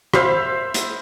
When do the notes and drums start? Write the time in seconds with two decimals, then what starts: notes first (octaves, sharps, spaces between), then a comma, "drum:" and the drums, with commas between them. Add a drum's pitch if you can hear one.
0.14 C5 E5 F5 B5, drum: rim click
0.74 drum: hi-hat